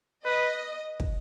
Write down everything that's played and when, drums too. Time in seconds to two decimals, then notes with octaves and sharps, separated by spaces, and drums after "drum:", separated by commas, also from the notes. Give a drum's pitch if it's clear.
0.24 B4 D#5
1.00 drum: kick